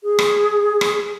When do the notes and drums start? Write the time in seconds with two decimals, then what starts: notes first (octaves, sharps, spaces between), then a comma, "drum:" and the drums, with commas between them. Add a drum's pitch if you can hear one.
0.03 G#4
0.19 drum: rim click
0.81 drum: rim click